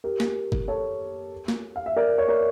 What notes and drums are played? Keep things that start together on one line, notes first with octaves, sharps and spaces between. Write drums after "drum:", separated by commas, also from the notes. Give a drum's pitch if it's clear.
G4 A#4
drum: snare
drum: kick G1
A4 C#5
drum: snare
F5
E5
A#4 D5
C#5
A#4 D5